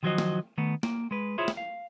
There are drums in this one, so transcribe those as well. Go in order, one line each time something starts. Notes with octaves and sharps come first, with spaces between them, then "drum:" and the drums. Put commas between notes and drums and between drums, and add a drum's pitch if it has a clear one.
D#3 F3 F#3 F#4 C5 D#5
drum: snare
D#3 A3 B3
A#3, drum: snare
G#3 B4
E4 F4 G#4 C5 C#5 E5
drum: snare
F5